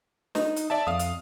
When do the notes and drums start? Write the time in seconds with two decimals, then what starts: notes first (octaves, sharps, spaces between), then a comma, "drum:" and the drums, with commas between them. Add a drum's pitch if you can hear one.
0.35 D#4, drum: snare
0.56 drum: hi-hat
0.70 D5 E5 A5
0.87 F2 F5 D#6
0.99 drum: hi-hat